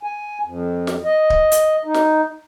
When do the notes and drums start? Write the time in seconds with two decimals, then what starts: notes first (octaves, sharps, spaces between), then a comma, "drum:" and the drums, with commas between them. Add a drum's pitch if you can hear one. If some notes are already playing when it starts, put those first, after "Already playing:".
0.03 G#5
0.44 F2
0.87 drum: snare
1.04 D#5
1.30 drum: kick D1
1.52 drum: hi-hat
1.85 D#4
1.94 drum: snare